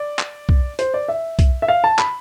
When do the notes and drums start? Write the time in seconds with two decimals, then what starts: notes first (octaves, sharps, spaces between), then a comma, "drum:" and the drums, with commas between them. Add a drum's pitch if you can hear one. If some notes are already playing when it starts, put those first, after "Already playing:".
Already playing: D5
0.19 drum: clap
0.49 drum: kick
0.79 C5, drum: hi-hat
0.94 D5
1.08 E5
1.39 drum: kick, hi-hat
1.62 E5
1.68 F5
1.84 A5
1.99 B5, drum: clap